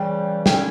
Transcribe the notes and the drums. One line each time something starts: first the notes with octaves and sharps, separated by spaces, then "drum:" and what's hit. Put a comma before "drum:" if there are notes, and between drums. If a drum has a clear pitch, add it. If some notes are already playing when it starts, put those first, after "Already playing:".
Already playing: C#3 E3 G3 G5
D3 G3 C#4 G5, drum: snare